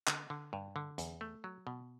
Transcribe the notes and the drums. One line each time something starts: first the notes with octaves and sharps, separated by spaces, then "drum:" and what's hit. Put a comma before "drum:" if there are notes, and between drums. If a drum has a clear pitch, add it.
D3, drum: clap
D3
G2
D3
E2, drum: hi-hat
A3
F#3
B2